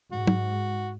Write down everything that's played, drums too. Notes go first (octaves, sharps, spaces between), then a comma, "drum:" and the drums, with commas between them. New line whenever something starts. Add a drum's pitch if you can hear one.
G#2 F#4
drum: tom